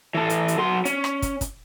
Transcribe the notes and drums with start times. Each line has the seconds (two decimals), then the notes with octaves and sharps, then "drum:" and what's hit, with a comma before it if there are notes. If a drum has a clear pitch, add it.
0.14 E3 A4
0.30 drum: hi-hat
0.48 drum: hi-hat
0.58 F#3 C6
0.85 C#4, drum: hi-hat
1.04 drum: rim click
1.22 drum: kick, hi-hat
1.41 drum: kick, hi-hat